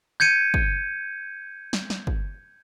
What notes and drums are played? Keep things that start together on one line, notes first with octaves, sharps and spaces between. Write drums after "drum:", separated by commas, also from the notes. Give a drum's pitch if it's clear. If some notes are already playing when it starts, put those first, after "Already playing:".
G6 G#6 C#7 D#7
drum: kick
drum: snare
drum: snare
drum: kick